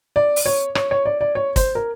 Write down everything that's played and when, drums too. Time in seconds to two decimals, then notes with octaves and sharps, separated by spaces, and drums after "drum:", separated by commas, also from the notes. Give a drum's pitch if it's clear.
0.16 D5
0.36 drum: open hi-hat
0.46 C#5
0.75 C#5, drum: rim click
0.91 C#5
1.05 D5
1.21 D5
1.35 C#5
1.56 C5, drum: kick, hi-hat
1.75 A#4